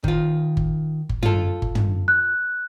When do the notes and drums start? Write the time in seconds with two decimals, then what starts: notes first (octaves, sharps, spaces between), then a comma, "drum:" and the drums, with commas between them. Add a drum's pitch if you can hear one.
0.04 D#3 F4, drum: kick G1
0.57 drum: kick G1
1.09 drum: kick G1
1.23 F4 A4, drum: tom
1.62 drum: kick G1
1.75 drum: tom
2.08 F#6